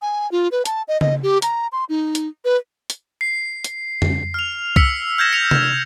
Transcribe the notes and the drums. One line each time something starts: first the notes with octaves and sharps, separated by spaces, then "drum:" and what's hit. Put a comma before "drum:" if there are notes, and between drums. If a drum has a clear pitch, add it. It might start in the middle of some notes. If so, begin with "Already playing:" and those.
G#5
F4
B4
A5, drum: hi-hat
D#5
D#5, drum: tom C#3
G4
A#5, drum: hi-hat
C6
D#4
drum: hi-hat
B4
drum: hi-hat
C7
drum: hi-hat
drum: tom
F6 F7
E6 B6 C#7, drum: kick C2
F6 G6 G#6 A#6 E7
C#7 F7
drum: tom C3